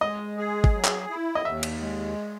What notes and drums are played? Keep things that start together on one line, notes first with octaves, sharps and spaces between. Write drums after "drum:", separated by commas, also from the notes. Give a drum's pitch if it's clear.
G#3 D#5
G#4
drum: kick
F#3
drum: clap
E4
D#5
D#2 E5
drum: cymbal
G#3